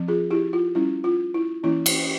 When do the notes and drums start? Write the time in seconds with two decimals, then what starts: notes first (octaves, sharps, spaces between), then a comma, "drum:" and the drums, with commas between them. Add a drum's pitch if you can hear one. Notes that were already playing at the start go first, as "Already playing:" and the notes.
Already playing: F3 C4
0.08 F4 G#4
0.31 E4 G4
0.53 F4
0.75 G3 C#4 E4
1.04 F4
1.34 E4
1.63 E3 A#3 C#4 E4
1.86 drum: cymbal